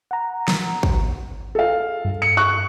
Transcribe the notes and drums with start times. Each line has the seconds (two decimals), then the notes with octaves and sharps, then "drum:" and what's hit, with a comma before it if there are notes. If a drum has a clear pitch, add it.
0.11 F#5 A#5
0.48 drum: snare
0.83 drum: kick
1.55 F4 G#4 A4 F5
2.05 G2
2.22 C#7
2.37 C#6 F#6